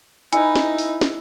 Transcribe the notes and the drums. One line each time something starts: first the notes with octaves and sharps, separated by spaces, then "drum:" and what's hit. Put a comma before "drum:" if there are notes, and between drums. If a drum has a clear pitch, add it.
D#4 E4 B4 G#5, drum: hi-hat
drum: snare
drum: open hi-hat
drum: snare